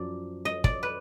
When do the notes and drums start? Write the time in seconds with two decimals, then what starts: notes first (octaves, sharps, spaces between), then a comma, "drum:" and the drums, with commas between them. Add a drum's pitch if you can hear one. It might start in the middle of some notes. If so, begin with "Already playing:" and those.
Already playing: F#2 F3 D5
0.45 D#5
0.64 D5, drum: kick
0.83 B4